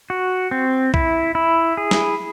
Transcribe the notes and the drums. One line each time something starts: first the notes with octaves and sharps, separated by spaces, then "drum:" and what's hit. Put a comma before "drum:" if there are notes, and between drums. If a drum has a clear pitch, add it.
F#4
C4
E4, drum: kick B1
E4
G#4
drum: snare